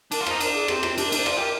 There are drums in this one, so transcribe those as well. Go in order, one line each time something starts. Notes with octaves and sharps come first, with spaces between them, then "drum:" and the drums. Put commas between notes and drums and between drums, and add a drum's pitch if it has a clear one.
D4 A#4, drum: cymbal
F4
D#4 C5, drum: rim click
D4 A#4, drum: cymbal
G#4
C4 G4, drum: rim click
F4, drum: rim click
D4 G4, drum: cymbal
A#4
D4 C5, drum: cymbal
F4 D5, drum: rim click
G4 A#4